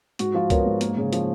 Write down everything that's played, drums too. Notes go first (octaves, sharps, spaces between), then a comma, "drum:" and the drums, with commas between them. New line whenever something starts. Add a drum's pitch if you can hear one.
G#2 F#4, drum: hi-hat
F3 F4
B3 A#4 C#5, drum: kick C#2, hi-hat
G#2
A#3, drum: hi-hat
C#3
F3, drum: hi-hat